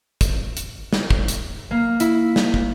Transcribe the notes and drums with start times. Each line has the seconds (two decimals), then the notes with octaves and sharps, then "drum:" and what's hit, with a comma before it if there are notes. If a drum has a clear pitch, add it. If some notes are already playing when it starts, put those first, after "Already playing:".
0.21 drum: kick, hi-hat
0.57 drum: hi-hat
0.93 drum: snare
1.10 drum: kick
1.28 drum: hi-hat
1.71 A#3
2.00 E4, drum: hi-hat
2.36 drum: snare
2.54 drum: kick